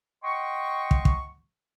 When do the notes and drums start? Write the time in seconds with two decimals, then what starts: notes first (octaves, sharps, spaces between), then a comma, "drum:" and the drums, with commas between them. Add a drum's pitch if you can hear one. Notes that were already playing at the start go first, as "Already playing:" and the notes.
0.24 D#5 F#5 G5 C6 C#6
0.91 drum: kick
1.05 drum: kick